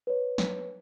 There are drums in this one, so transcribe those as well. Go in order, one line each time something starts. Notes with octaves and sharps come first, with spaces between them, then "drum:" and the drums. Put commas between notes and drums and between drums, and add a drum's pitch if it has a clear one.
B4 C#5
drum: snare